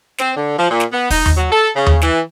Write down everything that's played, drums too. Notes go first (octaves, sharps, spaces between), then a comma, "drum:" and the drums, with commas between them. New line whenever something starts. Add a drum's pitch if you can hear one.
C4, drum: snare
D3
F3
A#2
drum: snare
B3
D#4, drum: kick, open hi-hat
drum: tom D#2
F#3
A4
C#3
drum: tom D#2
E3, drum: snare